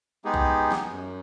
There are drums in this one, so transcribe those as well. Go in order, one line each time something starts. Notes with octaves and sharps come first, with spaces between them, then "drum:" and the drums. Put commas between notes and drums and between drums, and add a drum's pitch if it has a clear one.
G#3 B3 D#4 G4 G#4
drum: kick B1
drum: snare
F#2